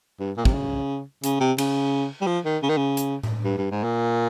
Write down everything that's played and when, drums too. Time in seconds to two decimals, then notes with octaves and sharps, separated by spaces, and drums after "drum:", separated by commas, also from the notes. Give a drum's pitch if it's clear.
0.20 G2
0.37 A#2
0.45 C3, drum: kick
0.53 C#3
1.24 C#3, drum: hi-hat
1.40 C3
1.58 C#3, drum: cymbal
2.21 G3
2.27 F3
2.46 D#3
2.63 C#3
2.69 D#3
2.77 C#3
2.97 drum: hi-hat
3.23 drum: tom A2
3.45 G2
3.58 G2
3.71 G#2
3.84 A#2